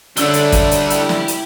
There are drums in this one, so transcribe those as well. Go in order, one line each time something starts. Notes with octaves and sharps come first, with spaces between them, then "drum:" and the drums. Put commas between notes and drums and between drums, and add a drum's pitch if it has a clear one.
D3 G3 A3 D4 C#5 D5 E6 G7, drum: hi-hat
drum: hi-hat
drum: kick, hi-hat
drum: hi-hat
E4 G4, drum: hi-hat
drum: snare
drum: hi-hat